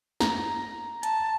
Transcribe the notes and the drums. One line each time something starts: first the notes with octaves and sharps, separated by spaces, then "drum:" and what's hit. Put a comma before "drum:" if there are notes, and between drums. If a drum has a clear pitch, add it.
A#5, drum: snare
A5, drum: hi-hat